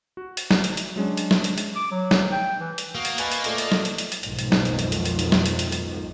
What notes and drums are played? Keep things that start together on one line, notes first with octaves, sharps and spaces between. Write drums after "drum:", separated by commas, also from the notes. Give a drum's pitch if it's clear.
F#4
drum: hi-hat
drum: snare
drum: hi-hat
drum: hi-hat
F#3 G#3 C#4 D4
drum: hi-hat
drum: snare
drum: hi-hat
drum: hi-hat
D6
F#3
drum: snare
G5
E3
drum: hi-hat
A#3 F#4 D#6
drum: hi-hat
B4 D#5 G#5 C#6 A6, drum: hi-hat
drum: hi-hat
A#2 A3 D5 D#5, drum: hi-hat
drum: hi-hat
drum: snare
drum: hi-hat
drum: hi-hat
drum: hi-hat
B1 F2 G#2 B2 D#3 F3, drum: hi-hat
drum: hi-hat
drum: snare
drum: hi-hat
drum: hi-hat
drum: hi-hat
drum: hi-hat
drum: hi-hat
drum: snare
drum: hi-hat
drum: hi-hat
drum: hi-hat